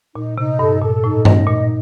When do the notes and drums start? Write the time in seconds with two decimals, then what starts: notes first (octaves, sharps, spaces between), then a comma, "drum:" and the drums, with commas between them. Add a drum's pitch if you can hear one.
0.15 A#2 D#4
0.37 C3 D#4
0.59 G2 A4
0.82 A#2 A4
1.04 A2 D#4
1.25 D#5, drum: tom G2
1.47 A#2 D#4